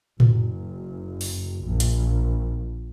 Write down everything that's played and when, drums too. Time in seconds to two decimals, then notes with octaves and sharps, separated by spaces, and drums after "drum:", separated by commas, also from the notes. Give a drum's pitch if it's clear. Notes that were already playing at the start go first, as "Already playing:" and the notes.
0.20 F#1, drum: tom A2
1.21 drum: open hi-hat
1.64 A#1
1.80 drum: hi-hat